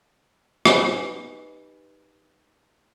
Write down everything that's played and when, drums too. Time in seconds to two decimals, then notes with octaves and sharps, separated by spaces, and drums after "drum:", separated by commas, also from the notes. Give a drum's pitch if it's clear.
0.65 D#4 G4 B4 D#5 G#5 B5, drum: rim click